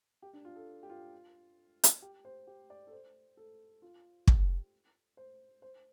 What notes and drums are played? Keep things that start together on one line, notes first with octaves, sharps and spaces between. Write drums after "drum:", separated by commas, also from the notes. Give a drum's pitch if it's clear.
G4
D4
F4
A4
G4
F4
drum: hi-hat
G4
C5
G4
D5
A4
C5
A4
F4
G4, drum: kick
C5
C5